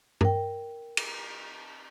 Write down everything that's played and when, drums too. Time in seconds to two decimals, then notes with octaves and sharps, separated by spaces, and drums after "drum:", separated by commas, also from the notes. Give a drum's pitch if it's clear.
0.21 A#4 G5, drum: tom G2
0.97 drum: cymbal